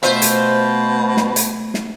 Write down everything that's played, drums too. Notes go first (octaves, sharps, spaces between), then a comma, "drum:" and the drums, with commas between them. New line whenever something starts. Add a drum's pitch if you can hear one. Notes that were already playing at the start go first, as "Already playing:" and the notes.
B2 A3 F4 C5 E5
drum: hi-hat
drum: snare
drum: hi-hat
drum: snare